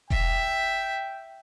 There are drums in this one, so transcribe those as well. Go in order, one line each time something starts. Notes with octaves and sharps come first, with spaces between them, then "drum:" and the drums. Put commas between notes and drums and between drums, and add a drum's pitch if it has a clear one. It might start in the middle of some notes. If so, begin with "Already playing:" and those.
E5 G5, drum: kick E1